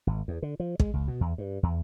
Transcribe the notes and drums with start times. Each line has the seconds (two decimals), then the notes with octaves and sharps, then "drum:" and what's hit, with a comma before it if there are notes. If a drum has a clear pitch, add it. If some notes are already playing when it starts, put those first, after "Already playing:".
0.07 G#1
0.28 E2
0.42 D3
0.60 F3
0.80 G#3, drum: kick
0.93 C#2
1.08 B2
1.21 E2
1.38 G2
1.63 E2